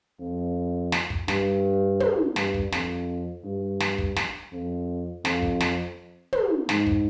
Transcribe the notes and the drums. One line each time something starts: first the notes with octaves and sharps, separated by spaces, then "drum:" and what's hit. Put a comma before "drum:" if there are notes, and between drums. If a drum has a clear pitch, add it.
F2
drum: snare
drum: kick
G2, drum: snare
drum: tom
G2, drum: snare
drum: kick
F2, drum: snare
G2
drum: snare
drum: kick
drum: snare
F2
F2, drum: snare
drum: kick
drum: snare
drum: tom
G#2, drum: snare
drum: kick